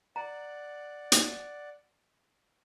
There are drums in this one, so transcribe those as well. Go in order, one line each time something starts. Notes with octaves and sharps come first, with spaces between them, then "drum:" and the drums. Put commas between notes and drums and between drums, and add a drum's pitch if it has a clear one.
D5 F#5 A#5
drum: hi-hat